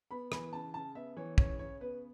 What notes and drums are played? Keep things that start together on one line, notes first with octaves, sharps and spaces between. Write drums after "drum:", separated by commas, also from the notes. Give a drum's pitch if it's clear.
B3 B5
E3 B5, drum: rim click
C#3 A5
C#3 A5
B3 E5
E3 C#5
C#3 C#5, drum: kick
C#3 C#5
B3 B4